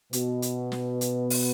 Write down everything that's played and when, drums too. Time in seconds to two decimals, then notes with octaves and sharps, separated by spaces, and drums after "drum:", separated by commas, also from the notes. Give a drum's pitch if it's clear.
0.13 B2, drum: hi-hat
0.42 drum: hi-hat
0.72 drum: snare
1.01 drum: hi-hat
1.30 drum: open hi-hat